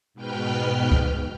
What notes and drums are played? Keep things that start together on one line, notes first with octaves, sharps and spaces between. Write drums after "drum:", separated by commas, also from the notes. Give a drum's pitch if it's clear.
G#2 B2 B4 G5 F6 G6
drum: kick